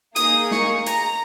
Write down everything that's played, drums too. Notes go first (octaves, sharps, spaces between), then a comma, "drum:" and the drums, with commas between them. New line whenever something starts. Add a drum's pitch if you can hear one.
A#3 D#4 G#4 D#6, drum: hi-hat
C#6, drum: snare
A#5, drum: hi-hat